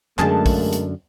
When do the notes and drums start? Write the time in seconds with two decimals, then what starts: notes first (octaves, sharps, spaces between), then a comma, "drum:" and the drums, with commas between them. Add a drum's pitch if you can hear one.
0.19 F#2 D3 G#3 A3 G#4 A#4 A5, drum: clap
0.46 drum: kick, open hi-hat
0.73 drum: hi-hat